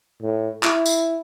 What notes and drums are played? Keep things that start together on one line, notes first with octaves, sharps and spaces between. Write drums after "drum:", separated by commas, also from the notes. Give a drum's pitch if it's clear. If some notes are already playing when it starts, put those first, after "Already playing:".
A2
E4, drum: clap
drum: tambourine